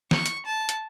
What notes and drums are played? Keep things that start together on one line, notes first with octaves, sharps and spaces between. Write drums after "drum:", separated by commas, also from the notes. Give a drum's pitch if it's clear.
C#6, drum: snare
drum: hi-hat
A5
drum: hi-hat